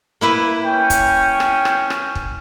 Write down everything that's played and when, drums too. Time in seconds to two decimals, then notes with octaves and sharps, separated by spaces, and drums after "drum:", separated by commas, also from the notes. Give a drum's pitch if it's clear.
0.21 A#3 E4 B4
0.65 C#4 G5
0.90 drum: kick, hi-hat
1.40 drum: rim click
1.65 drum: rim click
1.90 drum: rim click
2.15 drum: kick